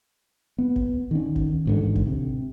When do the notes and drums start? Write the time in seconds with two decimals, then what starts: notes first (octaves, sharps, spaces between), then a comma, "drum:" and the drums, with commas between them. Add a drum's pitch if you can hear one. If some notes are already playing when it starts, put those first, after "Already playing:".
0.58 B3
0.76 drum: kick G1
1.11 D#3 C#4
1.36 drum: kick G1
1.66 A1 G#2 D3
1.96 drum: kick G1
2.07 C3